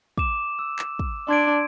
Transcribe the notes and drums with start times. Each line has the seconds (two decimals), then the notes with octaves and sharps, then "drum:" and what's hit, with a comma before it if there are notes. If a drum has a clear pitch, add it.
0.18 D6 E7, drum: kick
0.59 E6
0.79 drum: clap
0.99 drum: kick
1.29 D4 C6 G#6 D7